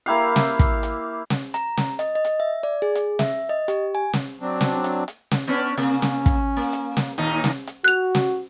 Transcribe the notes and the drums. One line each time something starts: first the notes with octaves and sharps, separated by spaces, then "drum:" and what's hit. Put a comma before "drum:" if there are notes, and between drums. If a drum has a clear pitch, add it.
A#3 E4 G4 F5
drum: snare
drum: kick, hi-hat
drum: hi-hat
drum: snare
A#5, drum: hi-hat
drum: snare
D#5, drum: hi-hat
D#5
drum: hi-hat
E5
D5
G#4
drum: hi-hat
E5, drum: snare
D#5
G4, drum: hi-hat
G#5
drum: snare
F#3 C4 D4
drum: snare
drum: hi-hat
drum: hi-hat
drum: snare
B3 C#4 D4
C3 A#3 C#4, drum: hi-hat
drum: snare
drum: kick, hi-hat
A#3
drum: hi-hat
drum: snare
D#2 A#2 D#4, drum: hi-hat
drum: snare
drum: hi-hat
F#4 F#6 F7
drum: snare